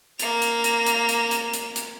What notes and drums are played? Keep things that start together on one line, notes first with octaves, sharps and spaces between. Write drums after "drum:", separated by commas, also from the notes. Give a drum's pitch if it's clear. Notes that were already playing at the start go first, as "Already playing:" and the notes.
A#3 F7, drum: hi-hat
drum: hi-hat
drum: hi-hat
drum: hi-hat
drum: hi-hat
drum: hi-hat
drum: hi-hat
drum: hi-hat